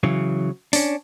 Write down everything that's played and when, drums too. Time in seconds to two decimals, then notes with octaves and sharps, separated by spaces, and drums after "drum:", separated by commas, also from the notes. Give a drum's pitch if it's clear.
0.03 C#3 E3 F#3
0.73 C#4 D4, drum: open hi-hat